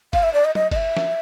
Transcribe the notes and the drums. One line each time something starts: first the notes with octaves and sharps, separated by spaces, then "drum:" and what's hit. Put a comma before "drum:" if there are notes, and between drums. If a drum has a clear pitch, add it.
F5, drum: kick G1, cymbal
E5
D5
D#5
D#5, drum: tom
D#5, drum: kick G1, cymbal
E5
drum: snare